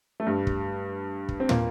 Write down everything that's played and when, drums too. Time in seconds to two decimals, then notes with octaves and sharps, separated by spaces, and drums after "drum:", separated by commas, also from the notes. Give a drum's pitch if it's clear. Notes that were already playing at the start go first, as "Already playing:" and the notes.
0.20 A3
0.26 G2 G3
0.47 drum: kick
1.29 drum: kick
1.40 C4
1.49 A#2 A#3, drum: tom